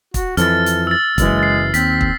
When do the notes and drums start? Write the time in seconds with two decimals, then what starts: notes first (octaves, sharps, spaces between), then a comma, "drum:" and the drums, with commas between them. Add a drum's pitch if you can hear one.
0.14 F#4, drum: kick, hi-hat
0.37 F2 E3 A4 F6 A6, drum: hi-hat
0.66 drum: hi-hat
0.87 E6 A6
1.18 F#1 F#2 E3 G#3, drum: kick, hi-hat
1.39 A6 C7
1.74 D#2 C4 B6, drum: hi-hat
2.01 drum: kick